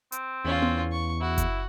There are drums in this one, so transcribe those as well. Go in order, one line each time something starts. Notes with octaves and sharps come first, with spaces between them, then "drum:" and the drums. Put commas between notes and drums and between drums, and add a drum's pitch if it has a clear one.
C4, drum: hi-hat
E2 C#4 F4
drum: tom B3
C#6
E4 F#4
drum: kick F#1, hi-hat